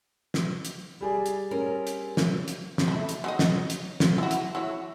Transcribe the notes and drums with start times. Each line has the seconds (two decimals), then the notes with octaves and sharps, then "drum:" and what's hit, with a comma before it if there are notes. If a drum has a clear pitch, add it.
0.34 drum: snare
0.65 drum: hi-hat
1.01 G3 G#4 D5
1.26 drum: hi-hat
1.51 C4 C#4 A#4
1.87 drum: hi-hat
2.17 drum: snare
2.48 drum: hi-hat
2.78 drum: snare
2.88 A3 E4
3.09 drum: hi-hat
3.24 F#3 D#4 D#5
3.39 drum: snare
3.70 drum: hi-hat
4.00 drum: snare
4.18 E4 F#4
4.31 drum: hi-hat
4.55 E4 F#4 C#5